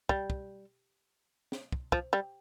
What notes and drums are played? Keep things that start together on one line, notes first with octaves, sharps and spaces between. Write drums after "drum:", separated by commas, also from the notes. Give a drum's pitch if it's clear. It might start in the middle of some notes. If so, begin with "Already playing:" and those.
G3, drum: kick
drum: kick
drum: snare
drum: kick
F3, drum: kick
G3